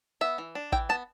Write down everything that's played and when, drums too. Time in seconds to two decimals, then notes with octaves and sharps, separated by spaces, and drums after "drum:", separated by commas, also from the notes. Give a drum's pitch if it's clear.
0.21 B3 E5
0.38 E3
0.55 D4
0.72 E3 G5, drum: kick
0.89 B3 A5